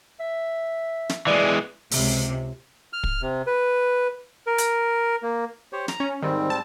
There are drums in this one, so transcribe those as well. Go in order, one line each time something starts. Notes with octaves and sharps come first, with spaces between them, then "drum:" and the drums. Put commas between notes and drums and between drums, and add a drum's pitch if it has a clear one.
E5
drum: snare
E3 G#3 D5
C#2 C3, drum: open hi-hat
F6
drum: kick
C3
B4
A#4
drum: hi-hat
A#3
G4 C5 C#5
A#5, drum: snare
C#4
G#2 D#3 G3 C4
A5